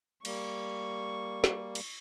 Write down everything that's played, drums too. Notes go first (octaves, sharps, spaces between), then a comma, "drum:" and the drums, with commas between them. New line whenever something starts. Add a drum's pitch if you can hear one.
G3 A#3 C#6, drum: cymbal
drum: snare
drum: cymbal